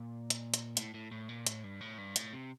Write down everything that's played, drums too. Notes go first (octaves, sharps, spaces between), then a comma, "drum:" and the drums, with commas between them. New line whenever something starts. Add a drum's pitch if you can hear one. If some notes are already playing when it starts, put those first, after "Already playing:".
Already playing: A#2
drum: hi-hat
drum: hi-hat
A2, drum: hi-hat
A2
A2
A#2
A2, drum: hi-hat
G2
A2
G2
A2, drum: hi-hat
C3